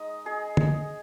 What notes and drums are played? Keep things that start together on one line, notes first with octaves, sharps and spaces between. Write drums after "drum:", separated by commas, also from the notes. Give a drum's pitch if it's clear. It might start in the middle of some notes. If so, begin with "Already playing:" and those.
Already playing: G#3 D#4 D#5 D#6
G#4 G#5
drum: tom